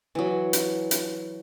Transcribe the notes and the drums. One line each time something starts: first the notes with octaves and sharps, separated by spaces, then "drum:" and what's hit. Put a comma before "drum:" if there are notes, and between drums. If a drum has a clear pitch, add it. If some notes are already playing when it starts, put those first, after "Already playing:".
E3 F#3
drum: hi-hat
drum: hi-hat